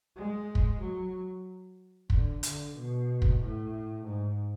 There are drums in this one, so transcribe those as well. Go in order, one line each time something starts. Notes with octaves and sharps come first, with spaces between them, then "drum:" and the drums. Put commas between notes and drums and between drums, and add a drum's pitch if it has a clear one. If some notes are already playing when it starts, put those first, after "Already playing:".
G#3
drum: kick
F#3
D3, drum: kick
D3, drum: hi-hat
B2
drum: kick
A2
G#2